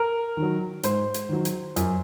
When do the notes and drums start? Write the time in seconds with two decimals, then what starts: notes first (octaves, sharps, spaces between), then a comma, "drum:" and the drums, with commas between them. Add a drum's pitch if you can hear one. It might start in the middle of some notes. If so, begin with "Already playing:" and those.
Already playing: A#4
0.37 D#3
0.42 F#3
0.83 G#2 C5, drum: hi-hat
1.14 drum: hi-hat
1.29 D#3 F#3
1.45 drum: hi-hat
1.76 F#2, drum: hi-hat